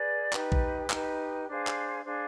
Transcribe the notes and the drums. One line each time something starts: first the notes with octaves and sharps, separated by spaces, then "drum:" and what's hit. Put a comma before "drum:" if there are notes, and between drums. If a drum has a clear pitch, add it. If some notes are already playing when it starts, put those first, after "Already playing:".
Already playing: G#4 B4 D5
D#4 G4 B4, drum: clap
drum: kick A#1
D#4 G4 B4, drum: clap
D4 G#4 C5 F5
drum: clap
D4 G#4 C5 F5